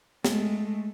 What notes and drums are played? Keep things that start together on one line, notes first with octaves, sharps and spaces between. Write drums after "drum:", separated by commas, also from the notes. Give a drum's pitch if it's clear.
G#3 A3, drum: snare